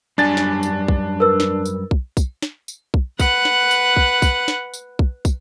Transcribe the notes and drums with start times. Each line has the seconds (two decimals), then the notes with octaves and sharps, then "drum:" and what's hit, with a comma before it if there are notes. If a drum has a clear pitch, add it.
0.18 F#2 G3 D4 G#5 A6
0.37 drum: snare
0.63 drum: tambourine
0.88 drum: kick
1.20 A#4 B4 E6
1.40 drum: snare
1.65 drum: tambourine
1.91 drum: kick
2.17 drum: kick, tambourine
2.42 drum: snare
2.68 drum: tambourine
2.94 drum: kick
3.20 B4 F#5, drum: kick, tambourine
3.45 drum: snare
3.71 drum: tambourine
3.97 drum: kick
4.22 drum: kick, tambourine
4.48 drum: snare
4.74 drum: tambourine
4.99 drum: kick
5.25 drum: kick, tambourine